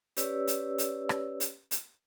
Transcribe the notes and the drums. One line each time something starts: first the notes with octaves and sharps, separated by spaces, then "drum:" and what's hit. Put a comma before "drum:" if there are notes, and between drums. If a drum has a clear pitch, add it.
C#4 G4 B4 C#5 D5 E6, drum: hi-hat
drum: hi-hat
drum: hi-hat
drum: rim click
drum: hi-hat
drum: hi-hat